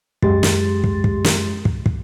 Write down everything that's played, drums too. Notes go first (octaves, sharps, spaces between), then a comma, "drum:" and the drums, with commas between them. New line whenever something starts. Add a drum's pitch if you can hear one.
F#2 G#3 G4 C6 A6, drum: kick
drum: snare
drum: kick
drum: kick
drum: snare
drum: kick
drum: kick